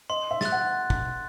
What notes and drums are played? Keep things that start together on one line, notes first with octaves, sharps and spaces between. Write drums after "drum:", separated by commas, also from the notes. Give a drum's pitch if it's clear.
D#5 C6
E5
F#6 A6, drum: snare
F#5
drum: kick